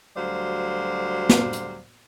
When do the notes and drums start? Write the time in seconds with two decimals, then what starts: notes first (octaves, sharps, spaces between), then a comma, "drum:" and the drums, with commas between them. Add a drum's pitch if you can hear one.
0.17 D2 F#3 G3 C5 D5 F5
1.29 drum: snare
1.53 drum: hi-hat